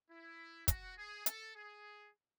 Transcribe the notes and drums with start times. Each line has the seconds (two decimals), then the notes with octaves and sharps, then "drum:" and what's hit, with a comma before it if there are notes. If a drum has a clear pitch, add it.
0.11 E4
0.68 F#4, drum: kick, hi-hat
0.97 G#4
1.26 A4, drum: hi-hat
1.55 G#4